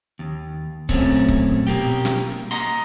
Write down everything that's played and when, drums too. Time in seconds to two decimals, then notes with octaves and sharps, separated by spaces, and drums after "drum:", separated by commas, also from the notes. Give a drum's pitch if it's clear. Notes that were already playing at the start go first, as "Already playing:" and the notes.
0.19 D#2
0.89 F#2 A#2 A3 C4 C#4, drum: kick C#1
1.28 drum: kick C#1
1.67 B2 A#3 G4
2.05 drum: snare
2.51 A#3 D#5 F#5 A#5 C6